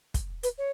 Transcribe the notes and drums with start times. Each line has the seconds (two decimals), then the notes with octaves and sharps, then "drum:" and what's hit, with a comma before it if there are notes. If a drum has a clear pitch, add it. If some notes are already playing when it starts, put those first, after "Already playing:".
0.14 drum: kick, hi-hat
0.43 B4, drum: hi-hat
0.58 C#5